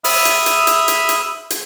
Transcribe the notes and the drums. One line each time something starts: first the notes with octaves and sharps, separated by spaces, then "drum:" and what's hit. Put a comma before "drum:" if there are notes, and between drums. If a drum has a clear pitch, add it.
E5 B5 D#6 F6, drum: open hi-hat
drum: hi-hat
drum: hi-hat
drum: hi-hat
drum: hi-hat
drum: hi-hat
drum: hi-hat